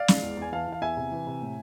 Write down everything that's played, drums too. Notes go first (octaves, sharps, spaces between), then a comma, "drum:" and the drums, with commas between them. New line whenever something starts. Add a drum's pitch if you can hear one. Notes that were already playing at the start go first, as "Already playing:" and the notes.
Already playing: D5 F5
G#3, drum: snare
E2
E2 G#5
E3 F5 A5
E3 F5
E2 E5 G#5
C3
E3
C3
A2